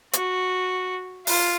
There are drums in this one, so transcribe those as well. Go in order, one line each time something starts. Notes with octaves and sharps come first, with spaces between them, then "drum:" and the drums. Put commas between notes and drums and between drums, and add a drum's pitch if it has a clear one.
F#4, drum: hi-hat
F4, drum: open hi-hat